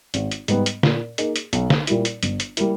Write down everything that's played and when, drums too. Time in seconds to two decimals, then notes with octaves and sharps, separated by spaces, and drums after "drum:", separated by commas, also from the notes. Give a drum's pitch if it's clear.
0.14 G#1, drum: hi-hat
0.31 drum: hi-hat
0.48 G#2 G3 B3, drum: hi-hat
0.66 drum: hi-hat
0.83 A#2, drum: snare
1.18 A#3 D#4 G#4, drum: hi-hat
1.36 drum: hi-hat
1.53 B1, drum: hi-hat
1.70 drum: snare
1.87 A#2 G3 A#3 E4, drum: hi-hat
2.05 drum: hi-hat
2.23 G1, drum: hi-hat
2.40 drum: hi-hat
2.57 G3 A#3 E4, drum: hi-hat